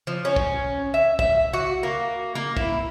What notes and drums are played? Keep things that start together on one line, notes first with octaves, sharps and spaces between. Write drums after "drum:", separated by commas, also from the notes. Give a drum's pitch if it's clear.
F3
C#4
drum: kick
E5
E5, drum: kick
F#4
A#3
A#3
E4, drum: kick